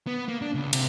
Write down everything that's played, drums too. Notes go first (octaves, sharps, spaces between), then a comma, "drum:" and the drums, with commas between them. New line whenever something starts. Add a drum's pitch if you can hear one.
B3
A#3
D4
C#2
C3, drum: cymbal